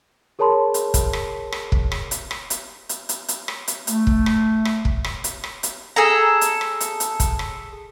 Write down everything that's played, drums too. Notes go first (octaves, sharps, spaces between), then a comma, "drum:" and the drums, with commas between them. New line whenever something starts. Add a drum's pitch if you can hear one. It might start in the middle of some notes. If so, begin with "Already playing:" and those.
G#4 A#4 C#5 A5 B5 C6
drum: hi-hat
drum: kick, hi-hat
drum: rim click
drum: rim click
drum: kick
drum: rim click
drum: hi-hat
drum: rim click
drum: hi-hat
drum: hi-hat
drum: hi-hat
drum: hi-hat
drum: rim click
drum: hi-hat
A3, drum: hi-hat
drum: kick
drum: rim click
drum: rim click
drum: kick
drum: rim click
drum: hi-hat
drum: rim click
drum: hi-hat
G#4 A4 A#5
drum: hi-hat
drum: rim click
drum: hi-hat
drum: hi-hat
drum: kick, hi-hat
drum: rim click